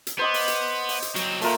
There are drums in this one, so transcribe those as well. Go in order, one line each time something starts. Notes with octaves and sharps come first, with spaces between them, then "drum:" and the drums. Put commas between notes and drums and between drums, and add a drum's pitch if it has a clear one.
drum: hi-hat
B3 C5 D#5 D6
drum: open hi-hat
drum: hi-hat
drum: open hi-hat
drum: hi-hat
F#3 C4, drum: hi-hat
A#2 A3 F4 A#4, drum: open hi-hat